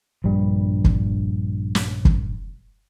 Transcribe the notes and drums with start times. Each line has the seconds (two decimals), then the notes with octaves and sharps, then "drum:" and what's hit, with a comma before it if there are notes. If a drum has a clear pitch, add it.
0.24 A#1 G2 G3
0.84 drum: kick
1.75 drum: snare
2.05 drum: kick